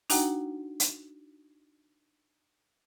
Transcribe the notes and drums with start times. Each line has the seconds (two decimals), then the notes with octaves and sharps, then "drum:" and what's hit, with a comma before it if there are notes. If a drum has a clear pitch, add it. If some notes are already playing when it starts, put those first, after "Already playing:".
0.10 D4 D#4 F#4 F#5 G5 A#5, drum: open hi-hat
0.80 drum: hi-hat